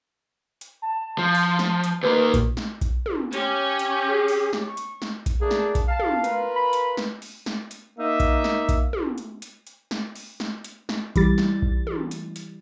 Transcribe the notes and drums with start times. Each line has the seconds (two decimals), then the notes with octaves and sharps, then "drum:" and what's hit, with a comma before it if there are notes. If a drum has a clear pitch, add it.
0.61 drum: hi-hat
0.82 A5
1.18 F3
1.35 drum: open hi-hat
1.59 drum: snare
1.84 drum: hi-hat
2.03 D#2 A#3 B4
2.34 A#2, drum: kick A#1, hi-hat
2.57 drum: snare
2.81 drum: kick A#1, hi-hat
3.06 drum: tom
3.33 C#4 G4, drum: hi-hat
3.79 drum: hi-hat
4.08 G#4
4.28 drum: open hi-hat
4.53 drum: snare
4.68 C#6
4.77 drum: hi-hat
5.02 drum: snare
5.26 drum: kick A#1, hi-hat
5.41 A3 A#3 D4 G#4
5.51 drum: snare
5.75 drum: kick A#1, hi-hat
5.88 F5 A5
6.00 drum: tom
6.24 F4 A#4 B4, drum: hi-hat
6.56 B5
6.73 drum: hi-hat
6.97 drum: snare
7.22 drum: open hi-hat
7.46 drum: snare
7.71 drum: hi-hat
7.99 A#3 D#4 E5
8.20 drum: kick A#1, hi-hat
8.44 drum: snare
8.69 drum: kick A#1, hi-hat
8.93 drum: tom
9.18 drum: hi-hat
9.42 drum: hi-hat
9.67 drum: hi-hat
9.91 drum: snare
10.16 drum: open hi-hat
10.40 drum: snare
10.64 drum: hi-hat
10.89 drum: snare
11.16 E3 G3 A6, drum: kick A#1, hi-hat
11.38 drum: snare
11.62 drum: kick A#1
11.87 drum: tom
12.11 drum: hi-hat
12.36 drum: hi-hat